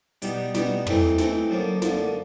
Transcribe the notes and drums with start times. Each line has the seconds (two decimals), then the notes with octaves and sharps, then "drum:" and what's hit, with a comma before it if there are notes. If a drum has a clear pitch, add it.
0.22 B2 G3 B3 D#4, drum: hi-hat
0.55 B2 G3 B3 D#4, drum: snare
0.87 E3 A3 C4 D#4, drum: tom
1.18 E3 A3 C4 D#4, drum: snare
1.50 F#2 D3 F3 A#3
1.82 F#2 D3 F3 A#3, drum: snare